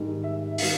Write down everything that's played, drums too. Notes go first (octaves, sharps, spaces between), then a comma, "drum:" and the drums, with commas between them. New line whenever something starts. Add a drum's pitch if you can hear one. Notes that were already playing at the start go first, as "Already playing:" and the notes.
Already playing: G#2 D#3 G3
E5
E5
D#3 G3 F5, drum: open hi-hat